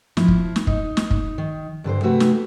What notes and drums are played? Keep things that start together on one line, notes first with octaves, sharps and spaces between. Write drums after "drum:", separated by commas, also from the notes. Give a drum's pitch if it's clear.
F3 E4, drum: snare
drum: kick
drum: snare
D#4, drum: kick
drum: snare
drum: kick
D#3
G2 D3 B4 C5
C3 A3 F#4 B4
drum: snare